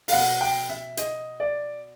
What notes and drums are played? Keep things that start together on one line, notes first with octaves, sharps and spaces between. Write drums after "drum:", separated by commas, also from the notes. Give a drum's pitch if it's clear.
F5, drum: open hi-hat
B2 F#5
G5
E5
D#5, drum: hi-hat
D5